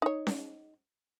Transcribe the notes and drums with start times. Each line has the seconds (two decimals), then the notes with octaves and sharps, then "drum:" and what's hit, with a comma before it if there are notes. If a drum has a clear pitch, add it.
0.02 D#4 C#5
0.27 drum: snare C#4